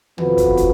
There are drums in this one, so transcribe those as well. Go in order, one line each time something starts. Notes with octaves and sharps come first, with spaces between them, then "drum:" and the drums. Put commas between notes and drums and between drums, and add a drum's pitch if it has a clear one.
F2 F3 B3 F#4 B4, drum: tom
drum: kick, hi-hat
drum: kick, hi-hat